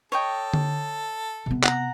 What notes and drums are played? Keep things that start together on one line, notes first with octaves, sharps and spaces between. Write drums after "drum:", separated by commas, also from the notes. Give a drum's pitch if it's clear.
A4 C#5 D#5 G5
drum: tom D3
C3 B3
F#5 A#5, drum: clap